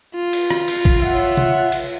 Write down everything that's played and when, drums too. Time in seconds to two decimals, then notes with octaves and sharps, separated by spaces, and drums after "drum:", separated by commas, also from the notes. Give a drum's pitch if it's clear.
0.16 F4
0.33 drum: cymbal
0.50 drum: rim click
0.68 drum: cymbal
0.85 drum: kick
1.00 C#5 E5 F#5
1.37 drum: tom C3
1.72 drum: cymbal